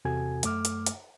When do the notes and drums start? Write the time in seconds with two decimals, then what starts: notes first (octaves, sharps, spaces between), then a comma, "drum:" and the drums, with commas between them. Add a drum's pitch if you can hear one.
0.05 E2 C3 F#4 A4 G#5 G#6
0.43 F#2 A3 D6 F6, drum: hi-hat
0.65 drum: hi-hat
0.86 drum: hi-hat